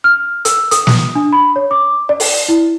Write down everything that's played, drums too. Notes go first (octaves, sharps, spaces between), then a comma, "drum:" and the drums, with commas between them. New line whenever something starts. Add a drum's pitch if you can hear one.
F6
E6, drum: hi-hat
D#6, drum: hi-hat
D#6, drum: snare
D4
B5
C#5
D6
D5
drum: open hi-hat
E4